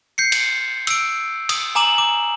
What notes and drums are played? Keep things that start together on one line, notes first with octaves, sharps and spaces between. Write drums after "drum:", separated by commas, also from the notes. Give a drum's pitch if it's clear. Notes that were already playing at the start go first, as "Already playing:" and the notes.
G6 C7 C#7
drum: cymbal
E6 D7, drum: cymbal
D#6, drum: cymbal
G#5 A#5 D6 E7 F#7
D6